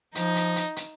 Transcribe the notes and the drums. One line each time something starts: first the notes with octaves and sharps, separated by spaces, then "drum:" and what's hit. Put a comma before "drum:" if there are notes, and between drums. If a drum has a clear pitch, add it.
F3 D#4, drum: hi-hat
drum: hi-hat
drum: hi-hat
drum: hi-hat